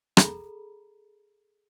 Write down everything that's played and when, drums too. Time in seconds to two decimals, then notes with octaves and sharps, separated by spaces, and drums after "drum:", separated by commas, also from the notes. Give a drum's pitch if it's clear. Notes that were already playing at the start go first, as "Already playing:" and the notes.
0.17 G#4 A4 A#5 B5, drum: rim click